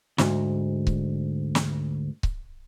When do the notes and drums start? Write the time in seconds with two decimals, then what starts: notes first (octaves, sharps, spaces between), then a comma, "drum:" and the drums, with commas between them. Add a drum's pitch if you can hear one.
0.18 D2 G#2, drum: snare
0.87 drum: kick C#1
1.55 drum: snare
2.23 drum: kick C#1